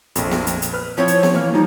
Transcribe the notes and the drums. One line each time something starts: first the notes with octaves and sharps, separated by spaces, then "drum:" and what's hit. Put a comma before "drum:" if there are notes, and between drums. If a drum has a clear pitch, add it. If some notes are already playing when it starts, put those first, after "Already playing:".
A#1 F2, drum: hi-hat
drum: snare B3
drum: hi-hat
drum: hi-hat
B4 F6
F3 C4 E4 C#5
drum: hi-hat
drum: snare B3
E3 A#3 C#5 F6
F3 G3 D#4